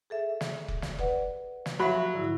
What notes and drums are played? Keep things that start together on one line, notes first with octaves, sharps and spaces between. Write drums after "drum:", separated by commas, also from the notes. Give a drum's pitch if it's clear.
G#4 A4 E5
drum: snare
drum: kick
drum: snare
B4 D5 F#5, drum: kick
drum: snare
F3 F#3 E5 B5
G#2 D3 E4